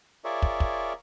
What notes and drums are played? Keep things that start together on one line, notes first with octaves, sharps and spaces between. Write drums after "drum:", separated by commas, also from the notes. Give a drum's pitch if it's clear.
F4 G#4 A#4 C#5 D5 E5
drum: kick
drum: kick